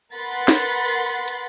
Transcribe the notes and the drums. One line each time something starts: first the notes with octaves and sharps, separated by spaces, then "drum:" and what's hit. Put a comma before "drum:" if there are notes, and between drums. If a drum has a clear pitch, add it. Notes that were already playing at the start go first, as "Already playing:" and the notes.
A#4 B4 F#5 B5 C6 A6
drum: snare
drum: hi-hat